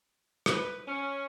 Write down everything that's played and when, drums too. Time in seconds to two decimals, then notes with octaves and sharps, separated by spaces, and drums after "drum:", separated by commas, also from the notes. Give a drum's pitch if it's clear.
0.46 B4, drum: rim click
0.86 C#4